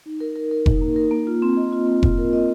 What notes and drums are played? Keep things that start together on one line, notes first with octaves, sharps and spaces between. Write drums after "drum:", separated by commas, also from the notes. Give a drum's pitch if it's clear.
D#4
A#4
A#4
A#4
D#4, drum: kick F1
A#3
A#4
A#3
F4
C4
D#5
F4
C4
F4, drum: kick F1
A#4
D#5